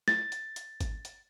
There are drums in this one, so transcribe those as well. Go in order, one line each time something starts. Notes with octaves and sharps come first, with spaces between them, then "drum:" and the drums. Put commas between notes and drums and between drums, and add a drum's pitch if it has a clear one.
A6, drum: snare
drum: hi-hat
drum: hi-hat
drum: kick G#1, hi-hat
drum: hi-hat